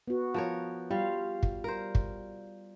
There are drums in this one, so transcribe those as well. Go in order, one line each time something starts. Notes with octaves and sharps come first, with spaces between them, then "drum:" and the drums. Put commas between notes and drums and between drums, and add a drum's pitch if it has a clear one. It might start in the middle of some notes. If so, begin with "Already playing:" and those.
B3 F#4
F3 A#4 C#5
G3 F4 F5
drum: kick
G3 A#4 C5
drum: kick